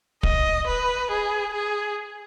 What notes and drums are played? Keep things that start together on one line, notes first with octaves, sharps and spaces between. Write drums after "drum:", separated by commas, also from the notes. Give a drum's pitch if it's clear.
D#5, drum: kick
B4
G#4
G#4